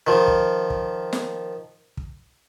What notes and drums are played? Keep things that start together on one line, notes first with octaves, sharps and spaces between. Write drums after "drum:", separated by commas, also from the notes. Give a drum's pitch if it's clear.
D#3 F3
drum: kick
drum: kick
drum: snare
drum: kick